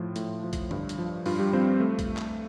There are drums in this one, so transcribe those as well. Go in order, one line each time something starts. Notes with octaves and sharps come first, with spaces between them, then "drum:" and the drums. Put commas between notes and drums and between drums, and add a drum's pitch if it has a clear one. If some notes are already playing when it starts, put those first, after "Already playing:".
Already playing: A2 F3 F4
A2, drum: hi-hat
F3
drum: kick B1, hi-hat
G2, drum: tom D3
drum: hi-hat
F3
G2 F4, drum: open hi-hat
G3 G4
F3 C4 C5
A3
drum: kick B1, hi-hat
drum: clap